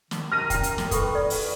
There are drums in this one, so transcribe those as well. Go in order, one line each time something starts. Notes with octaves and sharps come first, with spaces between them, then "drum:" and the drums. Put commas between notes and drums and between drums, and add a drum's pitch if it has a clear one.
D#3, drum: snare
A#4 F6 A#6 D#7
C#4 G5, drum: kick, hi-hat
drum: hi-hat
A#4, drum: snare
A4 B4 G5 C#6, drum: kick, hi-hat
D5
drum: open hi-hat